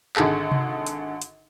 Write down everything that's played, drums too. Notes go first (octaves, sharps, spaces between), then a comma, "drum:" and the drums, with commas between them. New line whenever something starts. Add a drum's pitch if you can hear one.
G#1 D3 G#4 A4, drum: clap
drum: tom C3
drum: hi-hat
drum: hi-hat